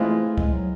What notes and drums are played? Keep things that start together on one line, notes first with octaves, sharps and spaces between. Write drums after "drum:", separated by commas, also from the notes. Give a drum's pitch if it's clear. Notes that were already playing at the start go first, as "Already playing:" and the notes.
Already playing: E3 G#3 A3 C4 F4
G#3, drum: kick C#2
F#3